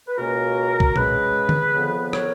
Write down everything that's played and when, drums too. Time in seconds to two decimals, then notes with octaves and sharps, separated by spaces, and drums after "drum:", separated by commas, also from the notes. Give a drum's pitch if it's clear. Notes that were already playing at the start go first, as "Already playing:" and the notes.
0.08 B4
0.17 C#2 B2 A#3 C#4 F#4 A#4
0.80 drum: kick
0.96 C#3 G#3 C#4 G#4 B4, drum: tom A#2
1.49 drum: tom D3
1.74 F2 C#3 F3 B3
2.13 A#4 C#5, drum: rim click